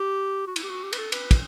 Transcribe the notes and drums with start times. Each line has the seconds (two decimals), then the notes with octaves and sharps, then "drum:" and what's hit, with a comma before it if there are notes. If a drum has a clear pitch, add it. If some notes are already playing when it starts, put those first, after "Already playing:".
Already playing: G4
0.47 F#4
0.56 E4, drum: cymbal
0.63 G4
0.70 F#4
0.84 G4
0.93 B4, drum: cymbal
0.98 A4
1.12 B4, drum: cymbal
1.31 drum: kick, cymbal